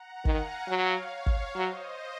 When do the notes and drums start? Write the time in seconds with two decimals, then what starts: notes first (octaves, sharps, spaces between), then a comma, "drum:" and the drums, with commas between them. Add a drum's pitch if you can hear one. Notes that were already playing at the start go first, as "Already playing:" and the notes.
Already playing: F#5 A#5
0.25 D#3 F5 G#5, drum: kick
0.68 F#3 C#5 F5
1.26 drum: kick
1.55 F#3 C5 D#5